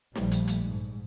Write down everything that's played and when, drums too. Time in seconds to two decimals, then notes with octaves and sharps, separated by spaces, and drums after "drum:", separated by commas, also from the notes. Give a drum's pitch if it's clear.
0.15 A#1 F3 G3 A3, drum: snare
0.31 drum: hi-hat
0.47 drum: hi-hat
0.60 G#2